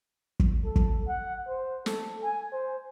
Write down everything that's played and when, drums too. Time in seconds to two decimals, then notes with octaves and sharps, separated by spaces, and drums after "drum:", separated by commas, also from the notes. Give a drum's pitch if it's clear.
0.40 drum: kick
0.65 A4
0.76 drum: kick
1.07 F#5
1.48 C5
1.86 A4, drum: snare
2.23 G#5
2.52 C5